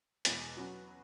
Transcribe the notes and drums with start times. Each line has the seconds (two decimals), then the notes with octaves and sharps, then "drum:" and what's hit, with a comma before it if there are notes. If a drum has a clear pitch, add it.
0.25 E2 B2 G#3 B3, drum: hi-hat
0.57 F#3 C#4 F#4 B4